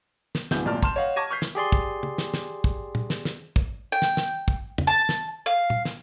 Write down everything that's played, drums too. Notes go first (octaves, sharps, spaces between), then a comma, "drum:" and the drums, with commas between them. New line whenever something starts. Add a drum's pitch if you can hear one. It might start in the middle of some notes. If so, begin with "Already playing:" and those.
drum: snare
D1 D3 B3 E4 G6, drum: snare
G#1 A#2 F#3 D5 A5 F6
A5 C6 F6 E7, drum: kick
C#5 D#5 F5 F#5
A5 C#6 D6 G#6 A#6 D#7
C#6 F6 G6 B6 C7
drum: snare
G4 G#4 D5 C6
drum: kick
drum: tom
drum: snare
drum: snare
drum: kick
drum: tom
drum: snare
drum: snare
drum: kick
G5
drum: snare
drum: snare
drum: kick
drum: tom
A5
drum: snare
F5
drum: tom
drum: snare